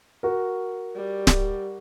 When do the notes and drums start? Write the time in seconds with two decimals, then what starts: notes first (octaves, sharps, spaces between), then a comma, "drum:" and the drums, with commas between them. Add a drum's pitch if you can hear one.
0.23 F#4 A#4
0.95 G3
1.27 drum: snare D1